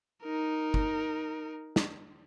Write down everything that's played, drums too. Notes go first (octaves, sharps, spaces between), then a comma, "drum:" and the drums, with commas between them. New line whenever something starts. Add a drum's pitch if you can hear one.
D#4 A#4
drum: kick
drum: snare